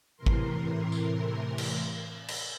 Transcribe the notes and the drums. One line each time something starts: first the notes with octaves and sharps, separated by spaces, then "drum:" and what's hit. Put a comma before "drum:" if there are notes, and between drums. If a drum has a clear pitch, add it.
A2 C3 E3 A#4 C6
drum: kick G#1
drum: tambourine
drum: cymbal
drum: cymbal